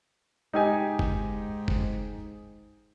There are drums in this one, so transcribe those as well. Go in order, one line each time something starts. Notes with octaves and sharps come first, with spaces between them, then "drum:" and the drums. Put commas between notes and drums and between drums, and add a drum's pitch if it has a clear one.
G#2 D#4 G4 G#5
drum: kick F1
drum: kick F1